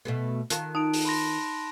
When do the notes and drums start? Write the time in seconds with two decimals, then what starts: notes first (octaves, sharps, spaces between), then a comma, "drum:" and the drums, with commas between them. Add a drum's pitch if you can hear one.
0.05 B2 A3 B3
0.50 D#3 F4 A4 F#6, drum: hi-hat
0.75 D#4 A5 D7
0.93 drum: open hi-hat
1.05 B5 C6 A#6